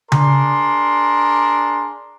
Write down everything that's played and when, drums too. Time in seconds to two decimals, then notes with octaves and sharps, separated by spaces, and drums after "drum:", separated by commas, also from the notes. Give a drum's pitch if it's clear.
0.12 D4 G#4 A#4 C6, drum: tom C#3